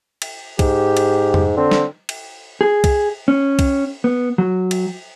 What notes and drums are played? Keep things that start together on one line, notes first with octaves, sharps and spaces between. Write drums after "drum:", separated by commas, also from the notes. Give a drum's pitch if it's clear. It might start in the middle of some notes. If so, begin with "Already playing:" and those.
drum: cymbal
G#2 G4, drum: kick, cymbal
drum: cymbal
drum: tom F2
D3 C4
drum: snare
drum: cymbal
G#4
drum: kick, cymbal
C#4
drum: kick, cymbal
B3
F#3
drum: cymbal